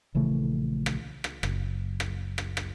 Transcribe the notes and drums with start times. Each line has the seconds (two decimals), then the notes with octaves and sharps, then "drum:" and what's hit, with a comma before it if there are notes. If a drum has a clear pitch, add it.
0.15 A#1 C#3 E3 A3
0.86 drum: rim click
1.24 drum: rim click
1.43 F#1, drum: rim click
2.00 drum: rim click
2.38 drum: rim click
2.57 drum: rim click